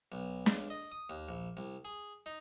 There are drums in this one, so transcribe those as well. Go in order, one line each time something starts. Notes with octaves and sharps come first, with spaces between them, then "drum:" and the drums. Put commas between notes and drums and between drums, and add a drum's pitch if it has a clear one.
B1
C#2, drum: snare
D#5
D#6
D#2
A#1
C2
G#4
D#4